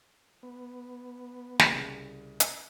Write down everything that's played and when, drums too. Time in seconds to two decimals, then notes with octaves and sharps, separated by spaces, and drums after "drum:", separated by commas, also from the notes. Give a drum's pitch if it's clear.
0.43 B3
1.59 C2 C#3, drum: snare
2.40 drum: hi-hat